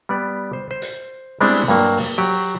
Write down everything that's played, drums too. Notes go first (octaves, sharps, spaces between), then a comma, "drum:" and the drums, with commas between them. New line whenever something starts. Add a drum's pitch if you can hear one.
G3 B3 D5
C5
C5
drum: hi-hat
G3 G#3 B3 C4 D4 E4, drum: open hi-hat
G2 F#3 A#3, drum: hi-hat
drum: open hi-hat
F#3 G4